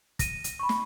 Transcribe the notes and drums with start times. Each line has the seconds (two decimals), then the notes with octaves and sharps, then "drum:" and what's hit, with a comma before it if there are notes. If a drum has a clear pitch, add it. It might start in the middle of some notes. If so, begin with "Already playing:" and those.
0.19 A#6 D#7, drum: kick, hi-hat
0.44 drum: hi-hat
0.59 B5 C#6
0.69 drum: snare